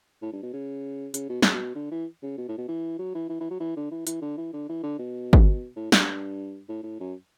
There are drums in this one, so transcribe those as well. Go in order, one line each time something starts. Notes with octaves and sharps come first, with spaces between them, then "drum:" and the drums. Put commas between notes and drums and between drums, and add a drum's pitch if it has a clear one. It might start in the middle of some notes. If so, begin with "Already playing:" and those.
A2
G2
B2
C#3
C#3, drum: hi-hat
B2
C#3, drum: snare
B2
D3
E3
C#3
B2
A2
B2
E3
F#3
E3
E3
E3
F#3
E3
D3
E3
E3, drum: hi-hat
D3
E3
D3
E3
D3
B2
drum: kick
A2
G2, drum: snare
A2
A2
F#2